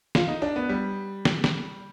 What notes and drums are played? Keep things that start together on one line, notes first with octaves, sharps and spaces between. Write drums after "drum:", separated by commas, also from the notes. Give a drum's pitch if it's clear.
F4, drum: snare
D#4
D4
B3
G3
drum: snare
drum: snare